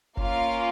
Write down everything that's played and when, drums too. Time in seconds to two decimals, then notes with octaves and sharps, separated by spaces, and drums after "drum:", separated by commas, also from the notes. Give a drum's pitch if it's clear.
0.17 A#3 C#4 F4 F5, drum: kick F1